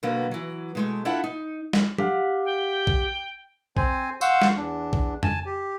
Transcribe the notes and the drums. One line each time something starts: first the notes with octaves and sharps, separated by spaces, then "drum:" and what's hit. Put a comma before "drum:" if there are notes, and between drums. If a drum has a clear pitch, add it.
B2 D3 F#3 A#3 B3
E3 F#3
B2 G#3 A3
D4 E4 F4 A4 E5 F#5
D#4
drum: snare
G4 F5 F#5, drum: tom F#3
G5
drum: kick A#1
C4 C5 G#5, drum: kick A#1
F5 F#5 C6 C#6 E6 G6, drum: tambourine
drum: snare
E2 D4
drum: kick A#1
G#5 A5, drum: tom F2
G4